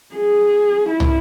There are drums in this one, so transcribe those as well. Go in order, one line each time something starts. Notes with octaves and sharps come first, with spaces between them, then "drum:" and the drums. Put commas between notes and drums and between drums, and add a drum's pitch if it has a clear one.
G#4
E4
drum: tom